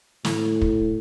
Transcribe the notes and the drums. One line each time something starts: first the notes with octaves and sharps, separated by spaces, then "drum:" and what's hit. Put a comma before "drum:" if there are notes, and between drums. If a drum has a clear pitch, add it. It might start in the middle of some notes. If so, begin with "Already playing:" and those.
A2, drum: snare
drum: kick